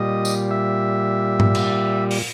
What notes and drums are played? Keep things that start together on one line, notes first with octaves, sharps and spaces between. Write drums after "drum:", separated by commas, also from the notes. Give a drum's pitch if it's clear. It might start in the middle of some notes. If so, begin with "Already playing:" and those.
Already playing: A#2 G3 D#5
drum: tambourine
E5
drum: tom G#2
drum: cymbal
drum: open hi-hat